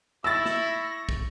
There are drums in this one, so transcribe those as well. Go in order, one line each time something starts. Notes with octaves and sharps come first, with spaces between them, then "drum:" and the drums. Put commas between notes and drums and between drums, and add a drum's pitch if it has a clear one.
E4 C#6 E6 A6 A#6
drum: snare
drum: kick